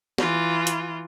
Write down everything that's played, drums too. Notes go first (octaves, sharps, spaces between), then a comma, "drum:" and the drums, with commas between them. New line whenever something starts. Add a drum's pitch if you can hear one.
E3 F4, drum: snare
drum: hi-hat